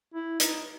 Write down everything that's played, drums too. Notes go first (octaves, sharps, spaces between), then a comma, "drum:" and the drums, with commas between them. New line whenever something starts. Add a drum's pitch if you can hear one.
E4
D#4, drum: hi-hat